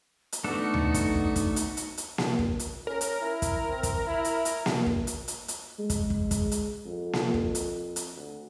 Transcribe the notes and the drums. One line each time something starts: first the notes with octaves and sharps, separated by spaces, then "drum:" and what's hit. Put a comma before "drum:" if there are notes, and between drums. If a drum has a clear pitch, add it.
drum: hi-hat
A3 B3 D4 D#4 F#4 A4
drum: tom D2
drum: kick, hi-hat
drum: kick
drum: kick, hi-hat
drum: hi-hat
drum: hi-hat
drum: hi-hat
drum: snare A#3
drum: kick
drum: hi-hat
C#4 A#4
drum: hi-hat
E4
drum: kick, hi-hat
C4
drum: kick, hi-hat
E4
drum: hi-hat
drum: hi-hat
drum: snare A#3
drum: kick
drum: hi-hat
drum: hi-hat
drum: hi-hat
G#3
drum: kick, hi-hat
drum: kick
drum: kick, hi-hat
drum: hi-hat
F2
drum: snare A#3
drum: kick
drum: hi-hat
drum: hi-hat
D2